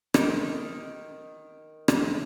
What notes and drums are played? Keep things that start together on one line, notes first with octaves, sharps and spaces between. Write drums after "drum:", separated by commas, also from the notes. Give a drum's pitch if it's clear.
D#3, drum: rim click
drum: rim click